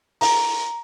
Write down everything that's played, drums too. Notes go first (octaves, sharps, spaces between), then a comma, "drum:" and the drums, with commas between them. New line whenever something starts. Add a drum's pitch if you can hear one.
A#5, drum: open hi-hat